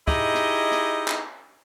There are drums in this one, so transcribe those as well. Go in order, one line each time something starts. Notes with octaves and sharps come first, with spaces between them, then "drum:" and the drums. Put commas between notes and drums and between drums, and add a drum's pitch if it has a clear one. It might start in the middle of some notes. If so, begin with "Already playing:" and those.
D#4 E4 G4 G#4 D#5, drum: kick
drum: rim click
drum: rim click
drum: clap